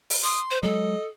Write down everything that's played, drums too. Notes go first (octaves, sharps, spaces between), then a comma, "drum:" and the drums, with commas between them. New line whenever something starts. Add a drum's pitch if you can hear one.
drum: open hi-hat
C6 D#6
C5
F#3 G#3 A4 D#5